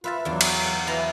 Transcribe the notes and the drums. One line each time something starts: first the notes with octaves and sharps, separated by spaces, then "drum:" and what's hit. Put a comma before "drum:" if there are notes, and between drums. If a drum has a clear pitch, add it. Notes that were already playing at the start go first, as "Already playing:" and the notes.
F4 B4 E5 A5
E2 F#3 D4
drum: cymbal
F#5
E3 E4 A#5